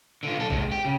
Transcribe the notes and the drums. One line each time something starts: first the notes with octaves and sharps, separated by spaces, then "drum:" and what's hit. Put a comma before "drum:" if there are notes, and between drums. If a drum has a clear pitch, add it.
D3 F4
B1 A4
C3 G#3, drum: kick
G4
C#3